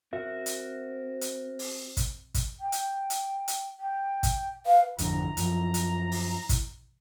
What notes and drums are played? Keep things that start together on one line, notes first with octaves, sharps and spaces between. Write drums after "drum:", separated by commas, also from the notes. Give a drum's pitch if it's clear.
C4 F#4 A#4 E5
drum: hi-hat
drum: hi-hat
drum: open hi-hat
drum: kick, hi-hat
drum: kick, hi-hat
G5
drum: hi-hat
drum: hi-hat
drum: hi-hat
G5
drum: kick, hi-hat
B4 F5
G#1 F2 D3 E4 A#5, drum: hi-hat
F#2 F3, drum: hi-hat
drum: hi-hat
drum: open hi-hat
drum: kick, hi-hat